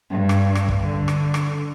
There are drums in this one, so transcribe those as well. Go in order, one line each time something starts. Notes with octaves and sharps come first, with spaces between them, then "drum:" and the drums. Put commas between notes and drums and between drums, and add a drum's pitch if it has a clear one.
G2
drum: rim click
drum: rim click
drum: kick
D3
drum: rim click
drum: rim click